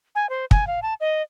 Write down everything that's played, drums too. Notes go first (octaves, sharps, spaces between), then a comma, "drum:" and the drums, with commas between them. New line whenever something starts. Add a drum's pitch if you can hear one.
G#5
C5
G#5, drum: kick
F5
A5
D#5